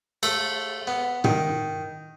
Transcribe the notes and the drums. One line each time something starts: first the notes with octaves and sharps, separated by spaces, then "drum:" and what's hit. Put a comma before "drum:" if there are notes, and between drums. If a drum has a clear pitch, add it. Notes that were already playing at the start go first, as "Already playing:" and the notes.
A3, drum: cymbal
B3
D#3, drum: tom